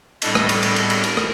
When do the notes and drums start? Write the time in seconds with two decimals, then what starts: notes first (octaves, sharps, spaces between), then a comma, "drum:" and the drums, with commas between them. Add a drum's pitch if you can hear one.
0.22 A2 G3 D4 A4 D#5, drum: cymbal
0.35 drum: rim click
0.49 drum: cymbal
0.63 drum: cymbal
0.76 drum: cymbal
0.90 drum: cymbal
1.03 A#4, drum: cymbal
1.17 drum: rim click